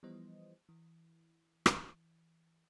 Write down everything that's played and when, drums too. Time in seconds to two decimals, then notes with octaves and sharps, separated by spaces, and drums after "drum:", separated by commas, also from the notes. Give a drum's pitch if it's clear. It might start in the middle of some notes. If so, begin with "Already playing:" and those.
0.03 E3 F3 G3 B3 C5 D#5
0.69 E3
1.66 drum: rim click